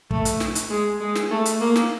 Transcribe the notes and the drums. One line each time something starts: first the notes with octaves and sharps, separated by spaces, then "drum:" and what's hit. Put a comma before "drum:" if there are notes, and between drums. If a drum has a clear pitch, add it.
A3, drum: kick
drum: hi-hat
drum: snare
drum: hi-hat
G#3
G#3
drum: snare
A3
drum: hi-hat
A#3
drum: snare